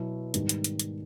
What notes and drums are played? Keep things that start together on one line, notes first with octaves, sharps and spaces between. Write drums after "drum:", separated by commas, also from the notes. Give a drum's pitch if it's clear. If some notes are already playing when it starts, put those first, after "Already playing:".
Already playing: B2 F#3 B3 E4
G#2 D#3 G3 B3, drum: hi-hat
drum: hi-hat
drum: hi-hat
drum: hi-hat